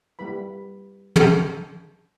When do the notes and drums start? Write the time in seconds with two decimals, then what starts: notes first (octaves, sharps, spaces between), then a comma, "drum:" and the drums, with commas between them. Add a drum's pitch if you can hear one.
0.19 G3 A#3 E4 B4 B5
1.16 drum: tom